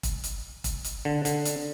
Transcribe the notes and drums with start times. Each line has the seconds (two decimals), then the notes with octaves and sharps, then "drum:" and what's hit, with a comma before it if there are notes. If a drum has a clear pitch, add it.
0.03 drum: kick, hi-hat
0.24 drum: hi-hat
0.64 drum: kick, hi-hat
0.84 drum: hi-hat
1.05 D3
1.25 D3, drum: hi-hat
1.45 drum: hi-hat